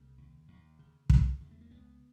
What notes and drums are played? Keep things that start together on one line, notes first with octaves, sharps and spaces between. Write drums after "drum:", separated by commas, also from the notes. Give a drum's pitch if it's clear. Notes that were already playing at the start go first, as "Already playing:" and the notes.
Already playing: C2 C#3 A#3
D#2
D#2
C#3
C#3, drum: kick
E2
A3
A#3
C#2 B3